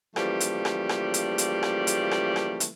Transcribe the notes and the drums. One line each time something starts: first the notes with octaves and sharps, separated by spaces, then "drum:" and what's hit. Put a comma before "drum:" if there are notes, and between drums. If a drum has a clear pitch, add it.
C#3 E3 F3 G3 A3 A#3, drum: rim click
drum: hi-hat
drum: rim click
drum: rim click
drum: hi-hat
drum: hi-hat
drum: rim click
drum: hi-hat
drum: rim click
drum: rim click
drum: hi-hat